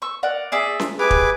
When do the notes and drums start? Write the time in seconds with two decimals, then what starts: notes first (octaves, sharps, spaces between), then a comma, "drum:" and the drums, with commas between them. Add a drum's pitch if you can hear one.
0.02 C#6 E6
0.23 A#4 D5 F#5
0.52 G#4 D5 E5
0.80 drum: snare C#4
0.99 G4 G#4 B4 E5 D6
1.10 drum: kick